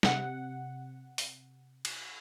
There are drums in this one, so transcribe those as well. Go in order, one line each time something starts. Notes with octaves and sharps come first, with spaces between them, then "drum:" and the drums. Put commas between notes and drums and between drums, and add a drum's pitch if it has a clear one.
C3 F#5, drum: snare
drum: open hi-hat
drum: cymbal